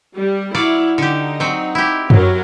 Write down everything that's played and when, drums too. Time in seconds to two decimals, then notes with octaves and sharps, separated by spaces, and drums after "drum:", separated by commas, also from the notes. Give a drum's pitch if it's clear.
0.16 G3
0.55 F#3 E4 D5 F5
0.98 D3 D#4 G4
1.40 F#3 C4
1.75 E4 G4
2.10 F#3 A#4, drum: tom F#2